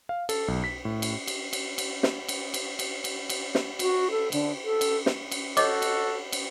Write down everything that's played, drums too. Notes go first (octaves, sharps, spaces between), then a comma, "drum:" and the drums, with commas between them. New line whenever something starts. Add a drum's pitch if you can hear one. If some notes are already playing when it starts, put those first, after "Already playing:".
F5
A4, drum: cymbal
B1
B6
A2
drum: cymbal
drum: cymbal
drum: cymbal
drum: cymbal
drum: snare
drum: cymbal
drum: cymbal
drum: cymbal
drum: cymbal
drum: cymbal
drum: snare
F#4, drum: cymbal
A4
D3, drum: cymbal
A4
drum: cymbal
drum: snare
drum: cymbal
F#4 A4 C#5 D#5 D6, drum: cymbal
drum: cymbal
drum: cymbal